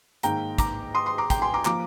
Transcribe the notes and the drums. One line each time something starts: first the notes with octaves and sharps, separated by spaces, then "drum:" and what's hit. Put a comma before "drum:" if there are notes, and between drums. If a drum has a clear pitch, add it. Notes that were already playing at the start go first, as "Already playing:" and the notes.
G#2 D#3 A#3 G5 A#5, drum: hi-hat
A#5 D6, drum: kick, hi-hat
C6 D#6
C6 D#6
A#5 D6
G5 A#5, drum: kick, hi-hat
G#5 C6
A#5 D6
F3 A#3 A#5 D6, drum: clap